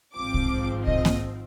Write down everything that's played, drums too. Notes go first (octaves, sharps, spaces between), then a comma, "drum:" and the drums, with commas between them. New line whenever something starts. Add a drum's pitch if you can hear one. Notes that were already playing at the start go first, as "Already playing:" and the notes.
G#1 G#2 F3 C4 D6
drum: kick
D#5, drum: kick
drum: snare A#3